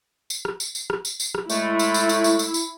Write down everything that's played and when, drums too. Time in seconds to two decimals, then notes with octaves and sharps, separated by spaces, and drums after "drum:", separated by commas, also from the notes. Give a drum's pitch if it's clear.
0.30 drum: tambourine
0.45 drum: rim click
0.60 drum: tambourine
0.75 drum: tambourine
0.90 drum: rim click
1.05 drum: tambourine
1.20 drum: tambourine
1.35 drum: rim click
1.50 A2 G#3 A3 E4, drum: tambourine
1.79 drum: tambourine
1.94 drum: tambourine
2.09 drum: tambourine
2.24 drum: tambourine
2.39 drum: tambourine
2.54 drum: tambourine